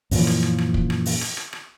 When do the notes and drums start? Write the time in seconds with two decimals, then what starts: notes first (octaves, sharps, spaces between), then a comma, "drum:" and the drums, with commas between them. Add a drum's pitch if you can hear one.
0.11 F#2 A#2 E3 F3, drum: open hi-hat
0.27 drum: rim click
0.43 drum: rim click
0.58 drum: rim click
0.74 drum: kick
0.90 drum: rim click
1.06 drum: open hi-hat
1.21 drum: rim click
1.37 drum: rim click
1.53 drum: rim click